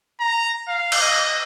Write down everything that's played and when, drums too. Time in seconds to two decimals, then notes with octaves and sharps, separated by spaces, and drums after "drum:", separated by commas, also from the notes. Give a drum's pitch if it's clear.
0.20 A#5
0.68 F5
0.92 drum: cymbal
1.01 D#5